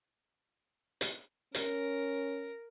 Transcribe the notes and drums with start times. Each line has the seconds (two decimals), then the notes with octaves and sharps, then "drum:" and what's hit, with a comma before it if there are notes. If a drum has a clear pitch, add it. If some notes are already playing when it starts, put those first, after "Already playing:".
1.01 drum: hi-hat
1.55 C#4 A#4, drum: hi-hat